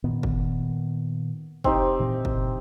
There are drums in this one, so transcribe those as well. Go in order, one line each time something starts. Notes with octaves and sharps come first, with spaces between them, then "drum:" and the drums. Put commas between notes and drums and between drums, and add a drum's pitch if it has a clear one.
A#2 D#3 B3
drum: kick
C4 D#4 G4, drum: kick
A#2 E3
drum: kick